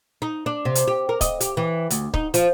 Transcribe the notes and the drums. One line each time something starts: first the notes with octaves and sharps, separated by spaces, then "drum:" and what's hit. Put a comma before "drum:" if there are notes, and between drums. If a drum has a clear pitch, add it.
D#4
D4
C3
drum: hi-hat
G4
A#4
D#5, drum: kick C#1, hi-hat
G4, drum: hi-hat
E3
D2, drum: hi-hat
D#4, drum: kick C#1
F3, drum: hi-hat